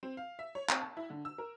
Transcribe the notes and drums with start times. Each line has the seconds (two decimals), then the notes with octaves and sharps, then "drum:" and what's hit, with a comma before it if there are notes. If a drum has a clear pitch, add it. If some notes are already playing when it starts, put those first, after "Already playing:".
0.03 C4
0.17 F5
0.39 E5
0.55 C#5
0.69 C4, drum: clap
0.82 A5
0.97 E4
1.10 D3
1.25 E6
1.38 A#4